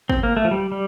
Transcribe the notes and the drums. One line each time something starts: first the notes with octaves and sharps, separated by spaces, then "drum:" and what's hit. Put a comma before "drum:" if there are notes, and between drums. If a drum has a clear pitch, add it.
C4, drum: kick
A#3
A3
F3
G3
G3